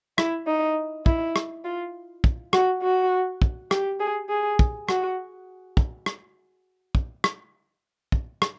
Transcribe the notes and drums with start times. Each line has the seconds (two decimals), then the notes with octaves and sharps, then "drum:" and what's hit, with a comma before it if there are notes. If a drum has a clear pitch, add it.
0.18 E4, drum: rim click
0.47 D#4
1.06 E4, drum: kick
1.36 drum: rim click
1.65 F4
2.24 drum: kick
2.53 F#4, drum: rim click
2.82 F#4
3.42 drum: kick
3.71 G4, drum: rim click
4.00 G#4
4.29 G#4
4.59 drum: kick
4.89 F#4, drum: rim click
5.77 drum: kick
6.06 drum: rim click
6.95 drum: kick
7.24 drum: rim click
8.12 drum: kick
8.42 drum: rim click